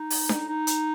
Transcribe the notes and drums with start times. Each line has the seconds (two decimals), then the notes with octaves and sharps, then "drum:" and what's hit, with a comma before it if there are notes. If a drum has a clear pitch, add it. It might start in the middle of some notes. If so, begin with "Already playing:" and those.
Already playing: D#4
0.10 drum: open hi-hat
0.29 drum: snare D4
0.48 D#4
0.67 drum: hi-hat